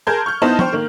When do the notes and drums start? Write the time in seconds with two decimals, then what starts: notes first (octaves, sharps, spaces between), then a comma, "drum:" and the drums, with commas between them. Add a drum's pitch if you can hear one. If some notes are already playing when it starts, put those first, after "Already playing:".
0.07 G#4 A#4 A5 C6 G6 G#6
0.26 C#6 F6 G6
0.42 B3 D#4 E4 C5 D#5 A5
0.59 C5 G5 C#6 F6, drum: tom
0.73 D#3 A#3